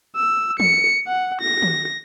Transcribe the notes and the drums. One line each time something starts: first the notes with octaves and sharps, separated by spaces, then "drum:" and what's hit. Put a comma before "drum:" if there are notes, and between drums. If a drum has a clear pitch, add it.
E6
C#7, drum: tom E3
F#5
A#6
drum: tom D#3